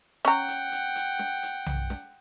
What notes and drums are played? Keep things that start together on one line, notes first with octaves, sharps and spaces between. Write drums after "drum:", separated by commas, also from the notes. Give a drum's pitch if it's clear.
C#4 F#5 G5 A#5, drum: hi-hat
drum: hi-hat
drum: hi-hat
drum: hi-hat
drum: snare
drum: hi-hat
drum: tom B1
drum: snare